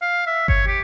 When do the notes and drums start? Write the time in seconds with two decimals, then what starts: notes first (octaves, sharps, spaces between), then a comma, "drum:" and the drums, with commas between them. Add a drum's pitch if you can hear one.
0.02 F5
0.27 E5
0.48 C#5, drum: kick G1
0.67 G4